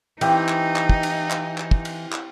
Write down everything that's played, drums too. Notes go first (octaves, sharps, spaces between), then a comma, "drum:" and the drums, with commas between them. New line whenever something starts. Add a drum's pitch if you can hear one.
E3 C4 D#4 G4 F5, drum: cymbal
drum: clap
drum: clap
drum: kick
drum: cymbal
drum: clap
drum: clap
drum: kick
drum: cymbal
drum: clap